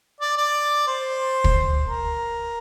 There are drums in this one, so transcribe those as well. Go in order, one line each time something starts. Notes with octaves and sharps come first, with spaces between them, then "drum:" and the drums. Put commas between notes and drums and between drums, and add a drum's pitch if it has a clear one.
D5
D5
C5
drum: kick
A#4